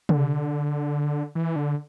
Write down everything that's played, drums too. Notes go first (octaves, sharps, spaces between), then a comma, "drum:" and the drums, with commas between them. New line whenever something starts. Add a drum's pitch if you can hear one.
D3, drum: tom
E3
D3